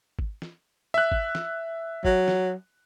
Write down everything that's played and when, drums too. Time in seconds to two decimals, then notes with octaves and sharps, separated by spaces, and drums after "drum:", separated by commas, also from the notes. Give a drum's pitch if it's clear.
0.19 drum: kick G#1
0.42 drum: snare
0.94 E5 F#6
1.12 drum: kick G#1
1.35 drum: snare
2.05 F#3, drum: kick G#1
2.28 drum: snare